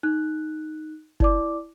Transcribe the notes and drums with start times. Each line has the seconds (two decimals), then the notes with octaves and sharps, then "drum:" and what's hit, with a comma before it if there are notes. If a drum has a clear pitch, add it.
0.03 D#4 F#6
1.20 E4 D5 D6, drum: kick F#1